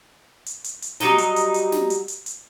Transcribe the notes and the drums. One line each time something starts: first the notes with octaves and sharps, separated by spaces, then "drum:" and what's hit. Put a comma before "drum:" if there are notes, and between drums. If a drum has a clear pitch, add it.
drum: hi-hat
drum: hi-hat
drum: hi-hat
F#3 G3 D#4 D#5, drum: snare
drum: hi-hat
drum: hi-hat
drum: hi-hat
drum: snare
drum: hi-hat
drum: hi-hat
drum: hi-hat